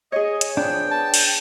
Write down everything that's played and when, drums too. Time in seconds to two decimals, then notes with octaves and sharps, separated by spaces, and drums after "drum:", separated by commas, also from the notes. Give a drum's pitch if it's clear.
0.12 G#4 C#5 D#5
0.41 drum: hi-hat
0.57 F3 B3 D4 G5
0.90 B3 A5
1.14 drum: cymbal